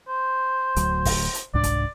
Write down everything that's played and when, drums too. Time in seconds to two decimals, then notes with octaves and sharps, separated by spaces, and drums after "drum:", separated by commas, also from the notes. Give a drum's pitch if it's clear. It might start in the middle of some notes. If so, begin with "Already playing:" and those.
0.08 C5
0.76 D1 D2 F#3, drum: hi-hat
1.05 drum: kick, open hi-hat
1.34 drum: hi-hat
1.54 C2 G#2 D4 D5
1.64 drum: kick, hi-hat